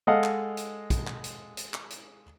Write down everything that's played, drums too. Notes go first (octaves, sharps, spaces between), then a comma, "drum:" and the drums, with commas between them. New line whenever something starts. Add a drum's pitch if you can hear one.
G#3 A4 D#5 F5 F#5
drum: clap
drum: hi-hat
drum: kick, hi-hat
drum: clap
drum: hi-hat
drum: hi-hat
drum: clap
drum: hi-hat